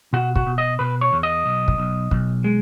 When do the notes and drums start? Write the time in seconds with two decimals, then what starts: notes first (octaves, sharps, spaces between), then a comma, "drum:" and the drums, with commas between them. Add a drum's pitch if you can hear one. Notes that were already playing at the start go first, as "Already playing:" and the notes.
0.13 B2 F#4
0.35 F#4, drum: kick
0.47 B2
0.58 D#5
0.79 B2 B4
1.01 C#5
1.13 E2
1.23 D#5
1.46 B1
1.68 drum: kick
1.78 B1
2.11 B1, drum: kick
2.44 G#3